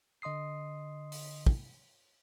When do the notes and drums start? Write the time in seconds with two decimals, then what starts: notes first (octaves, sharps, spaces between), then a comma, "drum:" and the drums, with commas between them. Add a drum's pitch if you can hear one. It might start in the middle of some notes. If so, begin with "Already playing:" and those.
0.22 D3 D#5 C6 D#6 C7
1.12 drum: open hi-hat
1.47 drum: kick